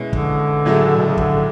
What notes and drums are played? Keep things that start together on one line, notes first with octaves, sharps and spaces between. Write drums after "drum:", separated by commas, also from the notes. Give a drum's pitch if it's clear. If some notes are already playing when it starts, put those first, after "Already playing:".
Already playing: B2 G#3 C#4 E4
D3, drum: kick
A2 F#3 A3 E4 G#4
B2
C#3
D3, drum: kick